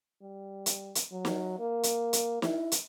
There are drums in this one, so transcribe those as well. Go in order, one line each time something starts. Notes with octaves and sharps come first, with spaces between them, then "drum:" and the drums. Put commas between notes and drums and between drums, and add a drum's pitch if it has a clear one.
G3
drum: hi-hat
drum: hi-hat
F#3
drum: snare
A#3
drum: hi-hat
drum: hi-hat
E4, drum: snare
drum: hi-hat